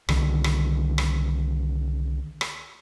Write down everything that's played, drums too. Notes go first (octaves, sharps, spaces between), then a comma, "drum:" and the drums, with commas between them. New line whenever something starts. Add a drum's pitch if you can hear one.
C2 D3 D#3, drum: rim click
drum: rim click
drum: rim click
drum: rim click